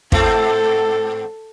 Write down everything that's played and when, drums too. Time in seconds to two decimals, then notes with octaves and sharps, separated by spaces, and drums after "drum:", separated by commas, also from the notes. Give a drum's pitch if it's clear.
0.12 G#2 A3 C4 A4, drum: kick